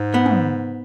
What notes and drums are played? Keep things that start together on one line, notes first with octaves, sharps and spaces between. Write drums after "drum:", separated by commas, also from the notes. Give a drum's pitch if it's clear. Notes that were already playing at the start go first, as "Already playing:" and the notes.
Already playing: G#2
B3
drum: tom